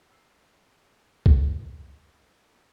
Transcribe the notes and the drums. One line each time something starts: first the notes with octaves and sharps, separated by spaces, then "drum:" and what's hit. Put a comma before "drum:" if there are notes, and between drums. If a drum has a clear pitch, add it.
E6 C7
drum: kick C2